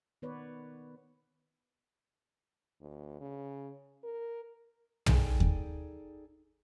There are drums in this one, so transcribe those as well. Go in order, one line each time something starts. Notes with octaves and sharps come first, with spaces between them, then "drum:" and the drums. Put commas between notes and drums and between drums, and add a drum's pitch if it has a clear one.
D#3 B3 B4 C#5 D5
D2
C#3
A#4
D#4 G#4 A4 D5 G5 G#5, drum: tom
drum: kick D#2